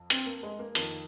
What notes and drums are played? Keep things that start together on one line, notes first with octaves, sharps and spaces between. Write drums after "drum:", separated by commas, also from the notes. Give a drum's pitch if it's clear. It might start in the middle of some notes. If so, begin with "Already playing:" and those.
Already playing: F2
C4, drum: hi-hat
A#3
G#3
A#3
F2 D#3 A#3, drum: hi-hat